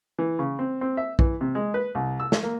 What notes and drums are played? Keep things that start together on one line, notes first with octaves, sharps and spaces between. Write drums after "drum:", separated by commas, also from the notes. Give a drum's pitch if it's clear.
E3
C#3
C4
C4
E5
E3, drum: kick
C3
G#3
B4
C2
E6
drum: snare
A#3